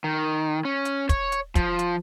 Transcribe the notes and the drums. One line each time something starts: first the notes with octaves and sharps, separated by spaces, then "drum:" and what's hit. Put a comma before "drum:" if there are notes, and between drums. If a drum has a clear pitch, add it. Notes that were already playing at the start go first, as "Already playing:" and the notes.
D#3
C#4
drum: hi-hat
C#5, drum: kick, hi-hat
drum: hi-hat
F3, drum: kick, hi-hat
drum: hi-hat